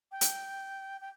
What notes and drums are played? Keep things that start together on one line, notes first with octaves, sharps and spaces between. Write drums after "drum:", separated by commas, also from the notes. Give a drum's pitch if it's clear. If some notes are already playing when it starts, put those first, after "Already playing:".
G5
drum: hi-hat
G5